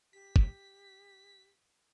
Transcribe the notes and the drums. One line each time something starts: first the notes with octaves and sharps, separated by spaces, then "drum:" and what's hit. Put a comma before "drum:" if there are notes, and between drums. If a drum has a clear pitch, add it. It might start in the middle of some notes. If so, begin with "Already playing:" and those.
G4 B6
drum: kick